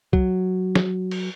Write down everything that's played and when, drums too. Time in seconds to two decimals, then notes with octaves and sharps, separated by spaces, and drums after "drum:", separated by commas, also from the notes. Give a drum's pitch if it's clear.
0.13 F#3, drum: kick
0.75 drum: snare
1.11 drum: cymbal